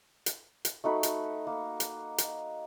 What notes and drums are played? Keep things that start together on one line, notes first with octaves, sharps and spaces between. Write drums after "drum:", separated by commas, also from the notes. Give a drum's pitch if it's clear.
drum: hi-hat
drum: hi-hat
A3 D#4 F#4 B5
drum: hi-hat
A#3
drum: hi-hat
drum: hi-hat